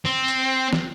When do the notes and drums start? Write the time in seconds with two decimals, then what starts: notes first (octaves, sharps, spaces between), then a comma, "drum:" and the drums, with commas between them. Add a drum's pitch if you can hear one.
0.06 C4
0.28 drum: hi-hat
0.73 drum: snare